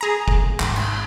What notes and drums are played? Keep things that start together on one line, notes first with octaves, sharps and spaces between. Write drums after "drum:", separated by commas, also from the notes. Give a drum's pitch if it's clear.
G#4 A#5
drum: kick
G#1, drum: clap
drum: cymbal